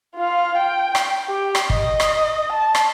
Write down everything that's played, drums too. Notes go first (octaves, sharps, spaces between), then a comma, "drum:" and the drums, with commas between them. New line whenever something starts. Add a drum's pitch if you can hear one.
F4 F5
G5
drum: rim click
G4
drum: rim click
D#5, drum: kick
drum: rim click
A5
drum: rim click